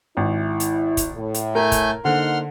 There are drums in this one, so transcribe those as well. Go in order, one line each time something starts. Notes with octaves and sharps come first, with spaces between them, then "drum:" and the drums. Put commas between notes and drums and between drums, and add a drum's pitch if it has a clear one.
G#1 E4
drum: hi-hat
drum: kick, hi-hat
A2
drum: hi-hat
A3 A#4 G#5 G6
drum: kick, hi-hat
D3 A#3 D#4 C5 F#5 C6 F6